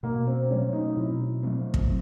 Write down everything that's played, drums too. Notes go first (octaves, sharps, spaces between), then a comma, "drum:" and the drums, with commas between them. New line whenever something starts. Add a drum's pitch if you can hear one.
B2 A#3
C4
F#3 A3 C4 C#4
D#4
B2 E4
F#3 A3 C4
drum: kick